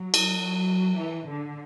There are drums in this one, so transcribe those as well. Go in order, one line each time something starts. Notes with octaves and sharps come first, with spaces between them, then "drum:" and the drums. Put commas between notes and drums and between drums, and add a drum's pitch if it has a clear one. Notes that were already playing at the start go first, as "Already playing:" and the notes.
Already playing: F#3
drum: cymbal
F#3
E3
D3